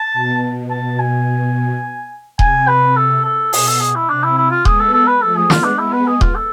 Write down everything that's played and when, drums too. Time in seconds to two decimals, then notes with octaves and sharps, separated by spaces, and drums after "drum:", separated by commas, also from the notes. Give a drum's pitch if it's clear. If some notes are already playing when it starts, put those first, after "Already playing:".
Already playing: A5
0.13 B2
0.70 A5
0.99 G#5
2.39 C3 G#5, drum: kick D#1
2.68 B4
2.96 A4
3.25 A4
3.53 B2 G#4, drum: open hi-hat
3.67 A4
3.80 G#4
3.95 E4
4.08 C3 D4
4.24 E4
4.37 E4
4.51 F4
4.65 G#3 B3 G#4, drum: kick D#1
4.80 A4
4.94 A4
5.07 B4
5.22 F3 A3 A4
5.36 G#4
5.50 G#3 B3 F4, drum: snare
5.64 D4
5.78 G#3 B3 E4
5.93 B4
6.07 G#4
6.21 F4, drum: kick D#1
6.35 A4